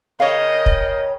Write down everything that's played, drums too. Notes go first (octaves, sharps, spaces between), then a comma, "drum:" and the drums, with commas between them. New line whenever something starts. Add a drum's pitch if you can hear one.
C#3 A#4 C#5 D#5 F5 G5
drum: kick